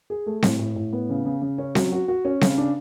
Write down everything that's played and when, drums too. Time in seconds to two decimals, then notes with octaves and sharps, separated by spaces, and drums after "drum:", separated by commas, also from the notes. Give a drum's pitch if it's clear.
0.10 G#4
0.26 A3
0.43 A2, drum: snare C4
0.59 A2
0.76 A2
0.93 B3
1.09 C#3
1.25 C#3
1.42 C#3
1.58 C#4
1.75 F#3, drum: snare C4
1.92 F#4
2.08 F#4
2.25 C#4
2.41 C#3, drum: snare C4
2.58 D4